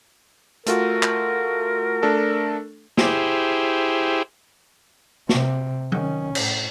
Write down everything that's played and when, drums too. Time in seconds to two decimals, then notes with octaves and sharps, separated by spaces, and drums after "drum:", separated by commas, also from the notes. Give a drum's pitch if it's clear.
0.66 A3 F4 F#4 A#4, drum: hi-hat
1.03 drum: clap
2.03 A3 D4 A4
2.97 E4 G4 G#4 C5, drum: snare
5.29 C3, drum: snare
5.92 D#3 C#4, drum: tom F#3
6.35 A2, drum: cymbal